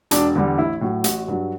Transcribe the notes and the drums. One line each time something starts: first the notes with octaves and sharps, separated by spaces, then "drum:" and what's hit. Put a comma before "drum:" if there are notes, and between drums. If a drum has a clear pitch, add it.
E1 D4, drum: hi-hat
E2 D3 G3
A1 E4
A2 F#3
A1 F#4, drum: hi-hat
G2 F#3